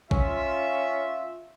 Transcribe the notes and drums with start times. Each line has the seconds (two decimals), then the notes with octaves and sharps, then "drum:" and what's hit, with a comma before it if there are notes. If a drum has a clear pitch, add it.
0.11 C#4 F4 E5, drum: kick A#1